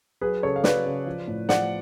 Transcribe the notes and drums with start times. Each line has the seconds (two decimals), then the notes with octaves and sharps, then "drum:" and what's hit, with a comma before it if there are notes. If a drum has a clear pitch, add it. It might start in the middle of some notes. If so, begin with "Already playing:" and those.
0.21 F#3 G#4 B4
0.43 C#3 A4 C#5
0.56 F5
0.64 F#3 B4 D5, drum: snare
0.86 C#3
1.07 F3
1.28 A2
1.49 F3 D5 F#5, drum: snare